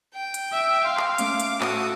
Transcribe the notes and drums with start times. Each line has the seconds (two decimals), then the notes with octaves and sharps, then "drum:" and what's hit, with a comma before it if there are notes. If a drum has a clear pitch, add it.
0.14 G5
0.34 drum: hi-hat
0.52 E5 D7
0.84 F5 C6
0.97 drum: clap
1.18 A3 C#4 D6, drum: hi-hat
1.40 drum: hi-hat
1.61 A2 F#4 A4 D#6, drum: clap